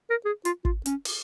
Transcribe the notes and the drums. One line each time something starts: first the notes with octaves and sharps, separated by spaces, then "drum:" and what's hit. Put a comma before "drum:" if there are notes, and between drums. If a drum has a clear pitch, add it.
A#4
G#4
F4, drum: hi-hat
F4, drum: kick
C#4, drum: hi-hat
drum: open hi-hat